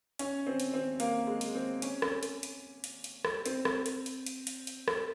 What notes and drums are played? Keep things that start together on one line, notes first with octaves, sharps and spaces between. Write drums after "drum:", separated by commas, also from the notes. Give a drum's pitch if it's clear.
C#4, drum: hi-hat
C4
drum: hi-hat
C4
A#3, drum: hi-hat
G#3
drum: hi-hat
C4
C#4, drum: hi-hat
drum: rim click
drum: hi-hat
drum: hi-hat
drum: hi-hat
drum: hi-hat
drum: rim click
C4, drum: hi-hat
drum: rim click
drum: hi-hat
drum: hi-hat
drum: hi-hat
drum: hi-hat
drum: hi-hat
drum: rim click